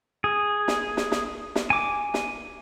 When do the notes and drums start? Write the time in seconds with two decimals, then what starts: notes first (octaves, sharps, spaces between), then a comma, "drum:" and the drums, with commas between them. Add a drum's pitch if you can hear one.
0.24 G#4
0.68 drum: snare
0.97 drum: snare
1.12 drum: snare
1.56 drum: snare
1.70 G#5 D6
2.14 drum: snare